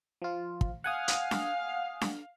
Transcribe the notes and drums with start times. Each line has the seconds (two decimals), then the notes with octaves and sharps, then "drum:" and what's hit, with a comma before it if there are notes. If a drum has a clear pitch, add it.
0.22 F3 F4
0.61 drum: kick
0.84 F5 F#5 G#5 D#6
1.08 drum: hi-hat
1.31 drum: snare D4
2.01 drum: snare D4